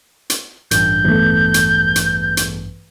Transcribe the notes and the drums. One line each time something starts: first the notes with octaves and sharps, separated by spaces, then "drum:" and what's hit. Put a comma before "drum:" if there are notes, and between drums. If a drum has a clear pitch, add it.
drum: hi-hat
A1 G2 G6, drum: hi-hat
E2 A3
drum: hi-hat
drum: hi-hat
drum: hi-hat